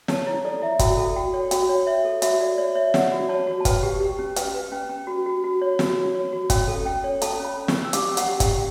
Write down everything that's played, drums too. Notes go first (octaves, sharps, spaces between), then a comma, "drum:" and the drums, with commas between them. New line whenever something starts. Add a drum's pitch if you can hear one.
C#5 A5, drum: snare
E4 C#5
A4 D5
E4 E5
F#4 G5, drum: kick, hi-hat
A4
F#4 G5
C#5
F#4 G5, drum: hi-hat
C#5
C#5 E5
A4
F#4 E5, drum: hi-hat
F#4 D5
C#5 D5
C#5 E5
C#5 F#5, drum: snare
F#4
C#5 A5
F#4
A5
B4 G5, drum: kick, hi-hat
G4
G4
C#4
B4 G5, drum: hi-hat
B4
C#4 G5
C#4
F#4
F#4
F#4
C#5
F#4, drum: snare
F#4
C#5
F#4
C#4 G5, drum: kick, hi-hat
A4
C#4 G5
C#5
A4 A5, drum: hi-hat
C#4 B5
C#4
C#6, drum: snare
C#4
E6
G4 D6, drum: hi-hat
C#4
F#5, drum: hi-hat
G4
G5, drum: kick, hi-hat
G4